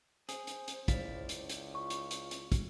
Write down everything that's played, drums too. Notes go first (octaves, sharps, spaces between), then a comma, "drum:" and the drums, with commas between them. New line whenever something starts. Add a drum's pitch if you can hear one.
G#4 C5, drum: hi-hat
drum: hi-hat
drum: hi-hat
C#2 E4 D5 F5, drum: kick, hi-hat
drum: hi-hat
drum: hi-hat
F4 C#6
drum: hi-hat
drum: hi-hat
drum: hi-hat
drum: kick, hi-hat